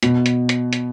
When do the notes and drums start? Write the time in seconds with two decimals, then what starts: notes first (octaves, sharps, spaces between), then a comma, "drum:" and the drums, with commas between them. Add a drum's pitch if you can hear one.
0.03 B2, drum: hi-hat
0.26 drum: hi-hat
0.49 drum: hi-hat
0.73 drum: hi-hat